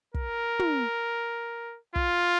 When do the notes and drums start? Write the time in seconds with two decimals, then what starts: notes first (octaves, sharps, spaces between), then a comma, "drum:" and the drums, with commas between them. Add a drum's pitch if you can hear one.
0.14 A#4, drum: kick
0.59 drum: tom
1.96 F4, drum: kick